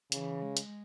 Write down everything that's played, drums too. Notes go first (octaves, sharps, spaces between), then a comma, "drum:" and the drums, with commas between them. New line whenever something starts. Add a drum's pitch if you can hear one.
C#3 E3, drum: hi-hat
G#3
drum: hi-hat